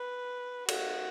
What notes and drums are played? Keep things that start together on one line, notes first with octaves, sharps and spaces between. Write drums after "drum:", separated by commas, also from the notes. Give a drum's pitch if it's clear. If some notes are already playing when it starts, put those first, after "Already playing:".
Already playing: B4
F#4, drum: cymbal